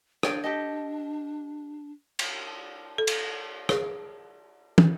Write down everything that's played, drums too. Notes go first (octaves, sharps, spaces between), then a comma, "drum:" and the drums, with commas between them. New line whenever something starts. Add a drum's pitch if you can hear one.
D4 C#5 D5 G5, drum: rim click
G4 A4 D#5
drum: cymbal
A4
drum: cymbal
G#4, drum: rim click
drum: tom